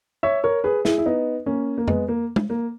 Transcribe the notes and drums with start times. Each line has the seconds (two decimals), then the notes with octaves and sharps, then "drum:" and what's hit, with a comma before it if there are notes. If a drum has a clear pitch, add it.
0.23 C#5 E5
0.44 A#4 C#5
0.64 G#4 B4
0.85 E4 G#4, drum: snare
0.98 E4
1.06 B3 D#4
1.46 A#3 C#4
1.78 A#3
1.88 G#3 B3, drum: tom F2
2.08 A#3
2.36 drum: tom
2.50 A#3